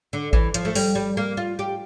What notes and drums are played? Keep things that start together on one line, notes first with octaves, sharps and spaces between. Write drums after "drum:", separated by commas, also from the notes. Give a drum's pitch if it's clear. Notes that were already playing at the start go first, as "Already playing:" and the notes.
D3
E3, drum: kick A1
F3, drum: hi-hat
A3
G3, drum: open hi-hat
G3
A#3
F4
G4